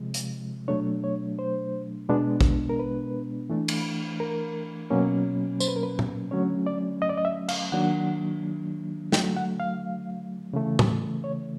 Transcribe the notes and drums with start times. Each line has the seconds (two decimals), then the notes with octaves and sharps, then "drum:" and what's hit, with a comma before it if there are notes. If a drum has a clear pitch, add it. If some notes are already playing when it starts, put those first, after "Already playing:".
Already playing: C3 F3 G#3
0.14 drum: hi-hat
0.68 B2 F#3 A3 D4 C#5
1.04 C#5
1.39 C5
2.09 B2 G#3 B3 D4
2.41 drum: kick A1
2.69 A#4
2.79 B4
3.50 E3 A3 D4
3.68 drum: cymbal
4.20 A#4
4.90 B2 F#3 A#3 C#4
5.60 C5, drum: tambourine
5.68 B4
5.76 A#4
5.83 B4
5.99 drum: tom
6.31 D3 F#3 A3 C#4 C#5
6.66 D5
7.02 D#5
7.10 D5
7.18 D#5
7.25 E5
7.48 F5, drum: cymbal
7.72 D#3 F#3 A#3 D4 F#5
9.12 D3 F#3 A3 G5, drum: snare
9.37 F#5
9.60 F5
10.53 C#3 E3 A3
10.79 drum: tom
11.24 C#5